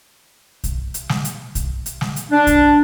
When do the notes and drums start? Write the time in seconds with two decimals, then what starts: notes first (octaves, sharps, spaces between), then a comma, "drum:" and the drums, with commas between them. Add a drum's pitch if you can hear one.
0.64 drum: kick, hi-hat
0.94 drum: hi-hat
1.09 drum: snare
1.25 drum: hi-hat
1.55 drum: kick, hi-hat
1.86 drum: hi-hat
2.01 drum: snare
2.16 drum: hi-hat
2.32 D4
2.47 drum: kick, hi-hat